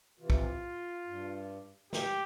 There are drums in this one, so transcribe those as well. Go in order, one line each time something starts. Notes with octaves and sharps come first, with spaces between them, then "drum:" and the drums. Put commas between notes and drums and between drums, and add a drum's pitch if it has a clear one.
C3 E3 F4
drum: kick
G2
G4, drum: snare